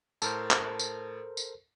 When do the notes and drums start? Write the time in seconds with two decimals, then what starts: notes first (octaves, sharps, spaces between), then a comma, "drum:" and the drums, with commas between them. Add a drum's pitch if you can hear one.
0.22 A2 A4 A#4 C5 A5, drum: tambourine
0.51 drum: clap
0.79 drum: tambourine
1.37 drum: tambourine